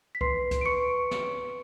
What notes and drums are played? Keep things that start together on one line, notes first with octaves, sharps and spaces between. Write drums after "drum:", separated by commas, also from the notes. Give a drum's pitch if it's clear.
B6
B4 C6 C7, drum: kick C2
drum: kick C2, hi-hat
D7
B4 C#6 C#7
drum: snare